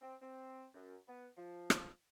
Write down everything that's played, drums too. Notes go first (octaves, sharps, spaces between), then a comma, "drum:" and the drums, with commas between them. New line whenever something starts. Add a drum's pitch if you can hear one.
C4
C4
F#2
B3
F3
drum: rim click